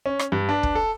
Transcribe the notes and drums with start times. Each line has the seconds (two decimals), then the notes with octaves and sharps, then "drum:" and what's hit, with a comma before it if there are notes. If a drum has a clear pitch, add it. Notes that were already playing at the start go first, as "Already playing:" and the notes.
0.06 C#4
0.19 drum: rim click
0.32 G2
0.49 D4 B4
0.63 drum: kick
0.75 A4